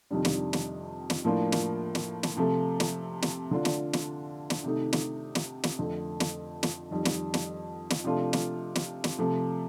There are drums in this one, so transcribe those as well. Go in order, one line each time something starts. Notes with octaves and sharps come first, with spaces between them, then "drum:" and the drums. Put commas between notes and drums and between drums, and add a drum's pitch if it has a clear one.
F2 C3 D#3 G3 D4
drum: snare
drum: snare
drum: snare
A2 F3 A#3 D4 F4
drum: snare
drum: snare
drum: snare
C3 F3 A3
drum: snare
drum: snare
D3 A3 D4 F4
drum: snare
drum: snare
drum: snare
C3 D#3 A3 D#4
drum: snare
drum: snare
drum: snare
F2 D3 A3
drum: snare
drum: snare
F2 D#3 G3
drum: snare
drum: snare
drum: snare
C3 F3 A3 D4 F4
drum: snare
drum: snare
drum: snare
C3 F3 A3